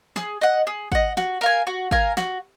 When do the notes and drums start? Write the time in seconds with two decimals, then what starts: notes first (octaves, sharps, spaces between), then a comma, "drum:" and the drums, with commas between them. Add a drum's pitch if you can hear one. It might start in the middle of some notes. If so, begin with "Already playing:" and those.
0.16 G#4, drum: snare
0.41 D#5 F#5
0.67 G#4
0.92 D#5 F#5, drum: kick G#1
1.17 F#4, drum: snare
1.41 A#4 F5 G#5
1.67 F#4
1.91 A#4 F5 G#5, drum: kick G#1
2.17 F#4, drum: snare